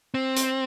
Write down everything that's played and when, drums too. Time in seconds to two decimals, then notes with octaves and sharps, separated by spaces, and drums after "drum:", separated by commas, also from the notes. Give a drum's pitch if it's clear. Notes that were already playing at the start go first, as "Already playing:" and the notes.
0.14 C4
0.36 drum: hi-hat